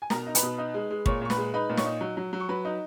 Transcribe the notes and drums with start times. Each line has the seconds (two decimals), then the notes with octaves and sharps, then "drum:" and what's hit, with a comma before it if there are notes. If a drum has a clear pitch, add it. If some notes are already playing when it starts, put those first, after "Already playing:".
0.02 G#5
0.10 B2 A#4 A#5, drum: snare
0.27 D#4
0.35 B4 B5, drum: hi-hat
0.43 B2
0.58 D#4
0.74 G#3
0.90 G#3
1.06 A#2 C#5 C#6, drum: kick
1.21 A#2 C#6
1.30 B4 B5, drum: snare
1.37 G#3
1.54 D#4 B4 B5
1.69 A#2
1.77 C#5 C#6, drum: snare
1.85 D#4
2.01 F#3
2.17 F#3
2.33 F#3
2.40 C#6
2.49 F#3 B4 B5
2.65 D#4